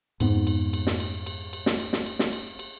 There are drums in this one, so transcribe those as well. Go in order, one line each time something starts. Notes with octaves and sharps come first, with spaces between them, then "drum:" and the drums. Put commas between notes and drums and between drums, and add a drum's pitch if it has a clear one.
F2 G#2 B3, drum: cymbal
drum: cymbal
drum: cymbal
drum: snare
drum: cymbal
drum: cymbal
drum: cymbal
drum: snare
drum: cymbal
drum: snare
drum: cymbal
drum: snare
drum: cymbal
drum: cymbal